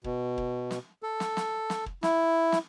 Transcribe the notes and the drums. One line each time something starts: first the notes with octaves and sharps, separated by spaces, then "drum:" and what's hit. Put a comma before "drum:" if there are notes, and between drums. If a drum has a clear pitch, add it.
B2, drum: kick
drum: kick
drum: snare
A4
drum: snare
drum: snare
drum: snare
drum: kick
E4, drum: snare
drum: snare